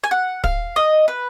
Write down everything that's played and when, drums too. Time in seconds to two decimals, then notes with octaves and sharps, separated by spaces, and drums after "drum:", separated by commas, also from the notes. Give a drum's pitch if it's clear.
0.04 G#5
0.11 F#5
0.44 F5, drum: kick
0.76 D#5
1.08 B4